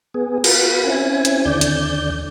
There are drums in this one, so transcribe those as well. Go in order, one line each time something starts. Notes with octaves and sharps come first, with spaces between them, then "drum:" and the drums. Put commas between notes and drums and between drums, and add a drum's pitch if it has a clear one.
B3 G#4
F4 F#4 A#4 B4 B5, drum: cymbal
C4 C#4 E4 G#5
drum: hi-hat
D#2 D3 D5 G6
drum: hi-hat